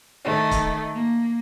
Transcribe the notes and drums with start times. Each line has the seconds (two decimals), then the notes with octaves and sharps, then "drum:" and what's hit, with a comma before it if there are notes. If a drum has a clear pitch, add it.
0.24 D#3 A3
0.51 drum: kick, hi-hat
0.94 A#3